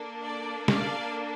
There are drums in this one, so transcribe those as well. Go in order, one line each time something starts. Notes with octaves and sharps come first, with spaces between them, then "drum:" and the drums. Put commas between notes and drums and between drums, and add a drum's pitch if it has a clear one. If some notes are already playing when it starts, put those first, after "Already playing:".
Already playing: A#3 D4 A4
D5
D5 F5, drum: snare